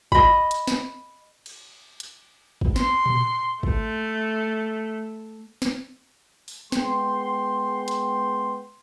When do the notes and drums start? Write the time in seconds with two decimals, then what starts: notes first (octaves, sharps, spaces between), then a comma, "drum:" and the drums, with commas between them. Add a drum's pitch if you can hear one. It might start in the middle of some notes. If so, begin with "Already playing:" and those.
0.12 D#5 B5, drum: kick
0.51 drum: hi-hat
0.67 drum: snare
1.46 drum: cymbal
2.00 drum: hi-hat
2.61 drum: kick
2.76 C6, drum: snare
3.06 drum: tom A#2
3.63 A3, drum: kick
5.62 drum: snare
6.48 drum: open hi-hat
6.72 G#3 B3 G5 C6, drum: snare
7.88 drum: hi-hat